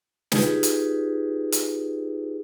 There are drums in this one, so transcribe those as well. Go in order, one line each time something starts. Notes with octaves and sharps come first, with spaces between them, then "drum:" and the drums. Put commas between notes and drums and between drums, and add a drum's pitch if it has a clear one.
D#4 F4 G4 G#4 B4, drum: snare
drum: hi-hat
drum: hi-hat